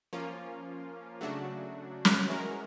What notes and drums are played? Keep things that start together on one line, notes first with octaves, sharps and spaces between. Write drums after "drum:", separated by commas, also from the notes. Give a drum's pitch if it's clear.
F3 A#3 C#4 F4
C#3 F#3 A3 D4 F#4
drum: snare
E3 G#3 C#4 F#4 A#4